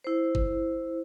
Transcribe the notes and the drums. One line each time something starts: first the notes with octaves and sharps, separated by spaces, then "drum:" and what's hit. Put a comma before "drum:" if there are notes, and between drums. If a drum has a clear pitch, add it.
E4 C5
drum: kick